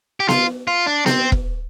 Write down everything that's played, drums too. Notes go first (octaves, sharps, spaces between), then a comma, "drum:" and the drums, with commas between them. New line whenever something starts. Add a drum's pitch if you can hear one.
G4
F4, drum: snare B3
F4
D4
C4, drum: snare B3
drum: kick E1